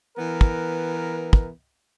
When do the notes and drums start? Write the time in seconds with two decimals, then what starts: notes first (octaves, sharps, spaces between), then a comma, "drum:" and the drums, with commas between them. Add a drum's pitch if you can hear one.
0.18 E3 B3 A#4
0.41 drum: kick
1.33 drum: kick